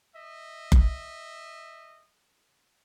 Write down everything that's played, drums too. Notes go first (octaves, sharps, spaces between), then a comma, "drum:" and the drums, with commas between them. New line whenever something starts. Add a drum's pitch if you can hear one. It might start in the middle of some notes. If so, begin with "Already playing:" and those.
D#5 E5
drum: kick F#1